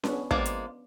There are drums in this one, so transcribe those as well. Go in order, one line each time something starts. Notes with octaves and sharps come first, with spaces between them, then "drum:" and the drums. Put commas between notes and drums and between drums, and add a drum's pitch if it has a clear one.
B3 C#4 D4, drum: snare C#4
F3 G#3 A#3 B3 D5 F5, drum: kick
drum: hi-hat